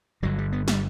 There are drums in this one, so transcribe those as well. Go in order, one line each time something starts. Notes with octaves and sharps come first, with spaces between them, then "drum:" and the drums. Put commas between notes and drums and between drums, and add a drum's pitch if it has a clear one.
G1 G2 D3 F#3
G3
B3
G3, drum: snare